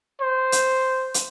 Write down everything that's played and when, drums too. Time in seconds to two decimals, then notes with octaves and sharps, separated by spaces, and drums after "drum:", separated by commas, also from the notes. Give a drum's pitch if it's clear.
0.21 C5
0.52 drum: hi-hat
1.14 drum: hi-hat